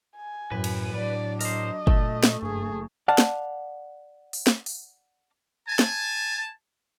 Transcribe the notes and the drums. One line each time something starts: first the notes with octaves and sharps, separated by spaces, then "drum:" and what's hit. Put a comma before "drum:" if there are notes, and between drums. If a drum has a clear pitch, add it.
G#5
F#2 A2 B4
drum: cymbal
F#3 D4 D5
A#4 C5 D#5, drum: open hi-hat
A#2 A3, drum: kick
drum: snare
F#1 G2 G#4
D5 F5 F#5 A5
drum: snare
drum: open hi-hat
drum: snare
drum: open hi-hat
G#5 A5
drum: snare